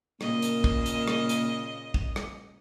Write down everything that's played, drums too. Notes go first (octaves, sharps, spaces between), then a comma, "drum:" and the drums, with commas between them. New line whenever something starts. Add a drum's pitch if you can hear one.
A#2 C#3 A#3 D#5, drum: rim click
drum: hi-hat
drum: kick
drum: hi-hat
drum: rim click
drum: hi-hat
drum: kick
drum: rim click